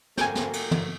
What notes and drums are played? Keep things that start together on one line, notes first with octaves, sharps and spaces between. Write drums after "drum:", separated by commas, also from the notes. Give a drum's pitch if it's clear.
F#3 A3 A#3 G5 G#5, drum: snare
drum: snare
drum: cymbal
drum: tom